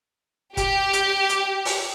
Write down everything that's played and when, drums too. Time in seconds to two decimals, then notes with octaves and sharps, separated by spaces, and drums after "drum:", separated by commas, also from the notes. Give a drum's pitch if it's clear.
0.57 G4, drum: kick, hi-hat
0.93 drum: hi-hat
1.29 drum: hi-hat
1.65 drum: open hi-hat